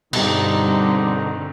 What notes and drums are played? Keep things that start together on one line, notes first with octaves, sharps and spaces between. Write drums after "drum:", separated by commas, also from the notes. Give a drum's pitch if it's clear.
G2 B2 D3 G3 C4 D#4 G4, drum: cymbal